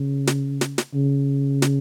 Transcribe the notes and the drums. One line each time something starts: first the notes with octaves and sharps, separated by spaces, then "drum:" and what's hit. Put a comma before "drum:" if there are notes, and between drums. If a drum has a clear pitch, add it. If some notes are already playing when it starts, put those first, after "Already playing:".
Already playing: C#3
drum: snare
drum: snare
drum: snare
C#3
drum: snare